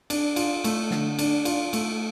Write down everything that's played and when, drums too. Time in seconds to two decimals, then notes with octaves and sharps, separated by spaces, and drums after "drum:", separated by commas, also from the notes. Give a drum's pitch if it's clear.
0.10 D4, drum: cymbal
0.36 F4, drum: cymbal
0.64 A3, drum: cymbal
0.91 D3, drum: snare
1.19 D4, drum: cymbal
1.45 F4, drum: cymbal
1.73 A3, drum: cymbal